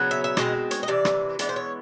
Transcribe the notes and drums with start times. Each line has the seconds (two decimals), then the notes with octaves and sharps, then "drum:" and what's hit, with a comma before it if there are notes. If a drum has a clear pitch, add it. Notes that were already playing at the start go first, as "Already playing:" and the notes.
Already playing: C#3 F#3 B3
0.11 E5
0.24 E5
0.37 B2 G#3 C4 D#5, drum: rim click
0.71 C#5, drum: hi-hat
0.83 D#5
0.88 C3 E3 D5
1.05 drum: rim click
1.39 E3 G#3 B3 D5, drum: hi-hat
1.49 C5
1.56 C#5